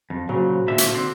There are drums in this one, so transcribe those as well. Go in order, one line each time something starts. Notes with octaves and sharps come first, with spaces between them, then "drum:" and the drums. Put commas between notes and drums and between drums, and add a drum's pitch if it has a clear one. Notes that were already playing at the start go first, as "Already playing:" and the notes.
F2
A#2 C#3 F#3 F#4 C5
A#2 D3 E5
drum: hi-hat
D3 C4